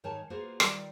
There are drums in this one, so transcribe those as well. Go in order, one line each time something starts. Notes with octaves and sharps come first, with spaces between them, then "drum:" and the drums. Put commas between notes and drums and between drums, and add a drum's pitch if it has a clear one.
G#2 D#3 A#4 C#5 G#5 A5
A#3 F4 F#4 G#4 B4 C5
D#3 G3 F4 D5, drum: rim click